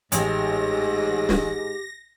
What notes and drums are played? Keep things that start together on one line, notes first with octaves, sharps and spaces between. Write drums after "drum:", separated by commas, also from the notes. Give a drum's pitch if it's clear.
A1 G#2 G4 A#6, drum: hi-hat
drum: snare